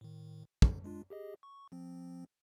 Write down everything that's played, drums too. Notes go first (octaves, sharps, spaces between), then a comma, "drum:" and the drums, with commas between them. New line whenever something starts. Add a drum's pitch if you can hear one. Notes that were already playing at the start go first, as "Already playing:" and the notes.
A2 D#3
D3 F#3, drum: kick
G#3 D4 F4
G4 G#4 D#5
C#6
F3 C4